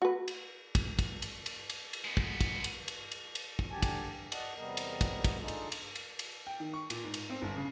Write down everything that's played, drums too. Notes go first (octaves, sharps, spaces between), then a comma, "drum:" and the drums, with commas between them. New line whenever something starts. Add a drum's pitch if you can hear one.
F#4 B4
drum: cymbal
drum: kick, cymbal
drum: kick, cymbal
drum: cymbal
drum: cymbal
drum: cymbal
drum: cymbal
G#3 B3
drum: kick
drum: kick, cymbal
drum: cymbal
drum: cymbal
drum: cymbal
drum: cymbal
drum: kick
D3 G4 G#5 A5
drum: kick, cymbal
G2
D5 D#5 F#5 A5, drum: cymbal
E2 C3 G3 B3 A#4 D#5
drum: cymbal
drum: kick, cymbal
drum: kick, cymbal
D4 D#4 F4 G#4 A4
drum: cymbal
drum: cymbal
drum: cymbal
drum: cymbal
G5
D#3
C#6
A#2, drum: cymbal
G#2
drum: cymbal
C4
G1
C#3